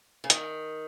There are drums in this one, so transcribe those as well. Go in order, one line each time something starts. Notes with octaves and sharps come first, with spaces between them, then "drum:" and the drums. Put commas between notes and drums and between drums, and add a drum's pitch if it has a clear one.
C#3
D#3, drum: hi-hat